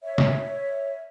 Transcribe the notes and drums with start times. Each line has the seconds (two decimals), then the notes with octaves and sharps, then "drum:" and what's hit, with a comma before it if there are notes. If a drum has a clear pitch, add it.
0.02 C#5 E5
0.18 drum: snare